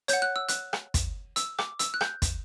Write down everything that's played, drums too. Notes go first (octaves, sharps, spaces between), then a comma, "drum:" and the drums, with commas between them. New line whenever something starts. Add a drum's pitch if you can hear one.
C#5 F#5 G6, drum: hi-hat
F#6
E6
F#6, drum: hi-hat
drum: rim click
drum: kick, hi-hat
E6, drum: hi-hat
D6, drum: rim click
E6, drum: hi-hat
F#6
G6, drum: rim click
drum: kick, hi-hat